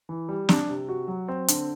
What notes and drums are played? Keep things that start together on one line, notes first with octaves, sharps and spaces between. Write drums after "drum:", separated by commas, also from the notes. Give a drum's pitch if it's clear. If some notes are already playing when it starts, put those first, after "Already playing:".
E3
G3
D4, drum: snare
C3
F#4
F#3
C4
D3, drum: hi-hat